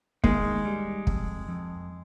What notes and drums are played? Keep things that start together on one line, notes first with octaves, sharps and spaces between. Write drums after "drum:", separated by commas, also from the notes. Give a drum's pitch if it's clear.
D#3 G#3, drum: kick
G3
F2, drum: kick
F2